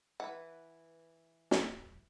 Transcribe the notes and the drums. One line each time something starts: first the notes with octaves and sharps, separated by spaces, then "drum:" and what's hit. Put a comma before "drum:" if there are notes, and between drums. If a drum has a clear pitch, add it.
E3 B4 F#5
drum: snare